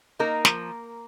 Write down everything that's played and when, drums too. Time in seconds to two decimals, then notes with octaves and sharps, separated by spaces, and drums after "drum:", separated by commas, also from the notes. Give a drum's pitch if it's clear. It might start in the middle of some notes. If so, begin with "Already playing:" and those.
0.19 A#3 D#4 A#4
0.45 F3, drum: snare